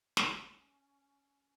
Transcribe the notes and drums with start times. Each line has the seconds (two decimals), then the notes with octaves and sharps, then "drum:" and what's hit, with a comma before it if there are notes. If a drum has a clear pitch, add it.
0.17 C#4, drum: snare